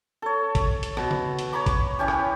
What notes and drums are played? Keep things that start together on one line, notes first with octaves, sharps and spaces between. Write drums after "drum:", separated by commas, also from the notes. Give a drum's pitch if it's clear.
A4 C#5
drum: kick, hi-hat
drum: hi-hat
B2, drum: rim click
drum: tom C#3
drum: hi-hat
C#5 A#5 B5 D6
drum: kick, hi-hat
E3 C#4 G4
drum: rim click